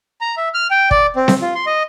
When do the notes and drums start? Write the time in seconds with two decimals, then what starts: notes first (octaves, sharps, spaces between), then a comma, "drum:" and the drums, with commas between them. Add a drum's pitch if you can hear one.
0.21 A#5
0.37 E5
0.54 F6
0.71 G5
0.91 D5, drum: kick
1.16 C4
1.28 drum: snare C4
1.41 F4
1.55 C6
1.67 D#5